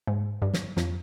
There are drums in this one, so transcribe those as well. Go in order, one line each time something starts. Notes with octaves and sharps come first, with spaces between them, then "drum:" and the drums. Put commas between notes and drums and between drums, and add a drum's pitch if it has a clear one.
G#2
G2
drum: snare
F2, drum: snare